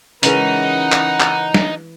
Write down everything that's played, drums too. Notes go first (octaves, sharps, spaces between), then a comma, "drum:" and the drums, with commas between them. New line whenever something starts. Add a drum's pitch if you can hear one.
C#3 E3 G#3 C#4 D#4 A#4 B4 F#5, drum: hi-hat
drum: clap
drum: clap
drum: snare